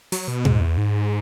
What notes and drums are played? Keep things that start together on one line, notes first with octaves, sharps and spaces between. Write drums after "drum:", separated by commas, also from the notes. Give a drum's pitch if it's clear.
F#3, drum: open hi-hat
B2
G#2, drum: tom A#2
E2
G#2